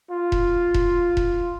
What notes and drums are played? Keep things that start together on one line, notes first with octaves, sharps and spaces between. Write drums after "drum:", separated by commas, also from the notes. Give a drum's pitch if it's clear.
F4
drum: kick E1
drum: kick E1
drum: kick E1